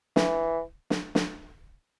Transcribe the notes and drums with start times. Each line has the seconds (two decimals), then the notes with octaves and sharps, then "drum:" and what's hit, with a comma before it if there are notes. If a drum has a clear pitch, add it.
0.16 E3, drum: snare
0.90 drum: snare
1.15 drum: snare